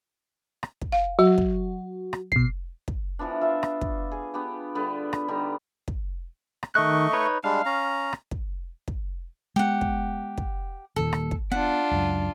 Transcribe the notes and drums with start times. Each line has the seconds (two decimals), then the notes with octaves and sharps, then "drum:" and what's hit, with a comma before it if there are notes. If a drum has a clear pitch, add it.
0.63 drum: rim click
0.81 drum: kick
0.92 F5
1.19 F#3 F#4
1.38 drum: kick
2.13 drum: rim click
2.32 B2 C7, drum: kick
2.88 drum: kick
3.19 E3 F3 B3 D4
3.41 F4 E5
3.63 drum: rim click
3.81 drum: kick
4.11 G#4
4.34 B3 D4 G4
4.75 D3 G3 B3
5.13 drum: rim click
5.28 D3 G3 D#4
5.88 drum: kick
6.63 drum: rim click
6.75 D#3 A3 D#5 C#6 F#6
7.13 D#4 B4 C#5
7.44 G3 G#3 D4 F5
7.65 C#4 A#5
8.13 drum: rim click
8.31 drum: kick
8.88 drum: kick
9.56 G#3 B3 G4 F#5
9.81 drum: kick
10.38 drum: kick
10.96 D#1 D#2 A#2 A4
11.13 drum: rim click
11.31 drum: kick
11.52 B3 D4 F4 F#5
11.91 C#2 F#2